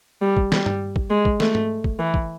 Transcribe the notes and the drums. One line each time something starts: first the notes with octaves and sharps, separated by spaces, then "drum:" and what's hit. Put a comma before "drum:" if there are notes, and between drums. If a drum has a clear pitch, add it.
G3
drum: kick
G3, drum: snare
drum: tom G2
drum: kick
G#3
drum: kick
A3, drum: snare
drum: tom G#2
drum: kick
E3
drum: kick